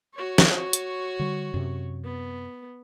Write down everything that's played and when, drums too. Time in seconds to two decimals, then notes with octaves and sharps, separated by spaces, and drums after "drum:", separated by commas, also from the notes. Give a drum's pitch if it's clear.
0.15 F#4 C#5
0.38 drum: snare
0.73 drum: hi-hat
1.19 D3 G3
1.54 F#2 C3
2.05 B3